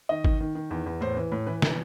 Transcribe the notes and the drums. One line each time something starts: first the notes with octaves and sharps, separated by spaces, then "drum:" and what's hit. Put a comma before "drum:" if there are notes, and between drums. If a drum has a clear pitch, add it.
D#3 D#5
D#3, drum: kick G#1
D#3
D#3
E2
E2
A2 C5
E3
A2
E3 B4
E3, drum: snare